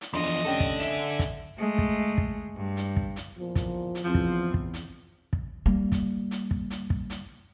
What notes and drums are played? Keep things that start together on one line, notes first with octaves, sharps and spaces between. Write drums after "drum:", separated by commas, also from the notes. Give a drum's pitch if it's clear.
drum: hi-hat
E2 F3 D4 D#5 C6
F1 C#4 D4 A4 G5
drum: kick
E5 G#5 E7, drum: hi-hat
drum: kick, hi-hat
G#3 A3
drum: kick
drum: kick
G2
drum: hi-hat
drum: kick
drum: hi-hat
E2 A#2 F3
drum: kick, hi-hat
drum: hi-hat
E2 F3 C4
drum: kick
drum: kick
drum: hi-hat
drum: kick
G3 A#3
drum: kick, hi-hat
drum: hi-hat
drum: kick
drum: hi-hat
drum: kick
drum: hi-hat